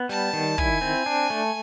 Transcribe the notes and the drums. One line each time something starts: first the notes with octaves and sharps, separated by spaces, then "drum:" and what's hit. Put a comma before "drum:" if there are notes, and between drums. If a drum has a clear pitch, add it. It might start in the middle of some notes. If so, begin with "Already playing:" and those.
Already playing: B3
G3 A5
D#3
E4 G#5, drum: kick
C4
D4
A3